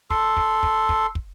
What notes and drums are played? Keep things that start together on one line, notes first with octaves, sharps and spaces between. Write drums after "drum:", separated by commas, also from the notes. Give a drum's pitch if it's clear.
A4 C6, drum: kick
drum: kick
drum: kick
drum: kick
drum: kick